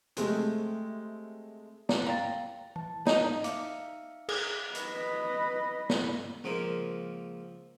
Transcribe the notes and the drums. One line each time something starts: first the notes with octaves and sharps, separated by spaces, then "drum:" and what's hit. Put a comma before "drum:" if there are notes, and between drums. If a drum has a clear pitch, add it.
C3 G#3 A3, drum: hi-hat
drum: snare
F5 G5 A#5 A6
E3 A5
D#4 D#5 G6, drum: snare
E5 F5 D6 C#7, drum: hi-hat
G#4, drum: cymbal
B4 D#5, drum: hi-hat
drum: snare
C#2 F3 A#3